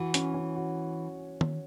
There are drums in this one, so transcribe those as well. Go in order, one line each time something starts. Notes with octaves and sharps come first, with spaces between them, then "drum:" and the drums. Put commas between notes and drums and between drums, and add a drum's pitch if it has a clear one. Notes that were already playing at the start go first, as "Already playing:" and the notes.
Already playing: E3 F#4
C#4, drum: hi-hat
C#4
F#4
drum: tom D#3